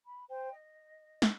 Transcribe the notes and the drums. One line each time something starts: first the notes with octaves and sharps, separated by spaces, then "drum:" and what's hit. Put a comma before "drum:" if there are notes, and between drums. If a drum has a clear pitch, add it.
B5
C5 G5
D#5
drum: snare